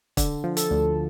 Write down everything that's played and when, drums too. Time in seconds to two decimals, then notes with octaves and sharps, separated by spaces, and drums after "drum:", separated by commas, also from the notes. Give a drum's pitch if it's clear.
0.17 D3, drum: kick, hi-hat
0.44 F3
0.57 A4, drum: hi-hat
0.71 D2